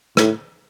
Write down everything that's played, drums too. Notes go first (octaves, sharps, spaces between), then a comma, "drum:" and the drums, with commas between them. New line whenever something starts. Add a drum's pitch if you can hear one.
A2, drum: rim click